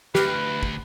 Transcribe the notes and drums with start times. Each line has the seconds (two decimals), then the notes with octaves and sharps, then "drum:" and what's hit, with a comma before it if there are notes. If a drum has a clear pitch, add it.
0.15 D2 G4 B4 F6, drum: snare
0.63 drum: kick